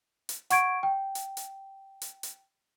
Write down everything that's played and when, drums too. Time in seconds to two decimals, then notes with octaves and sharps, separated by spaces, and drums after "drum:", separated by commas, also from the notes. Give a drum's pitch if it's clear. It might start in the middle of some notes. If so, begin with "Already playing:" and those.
0.29 drum: hi-hat
0.50 F#5 C#6 G#6 D7, drum: hi-hat
0.83 G5
1.15 drum: hi-hat
1.37 drum: hi-hat
2.02 drum: hi-hat
2.23 drum: hi-hat